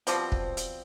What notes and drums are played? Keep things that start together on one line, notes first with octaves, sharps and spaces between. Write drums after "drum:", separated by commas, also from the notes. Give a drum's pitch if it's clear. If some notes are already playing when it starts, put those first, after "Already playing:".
B2 F3 G3 C4, drum: hi-hat
drum: kick
drum: hi-hat